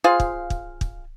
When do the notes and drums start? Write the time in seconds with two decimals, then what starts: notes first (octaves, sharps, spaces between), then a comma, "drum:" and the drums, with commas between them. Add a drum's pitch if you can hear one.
0.04 F4 G#4 C5 F5
0.20 drum: kick
0.50 drum: kick
0.81 drum: kick